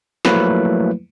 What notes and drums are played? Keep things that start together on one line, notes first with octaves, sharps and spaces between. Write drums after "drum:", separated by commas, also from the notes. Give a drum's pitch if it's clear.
F3 F#3 A3 A#3 E4 B4, drum: snare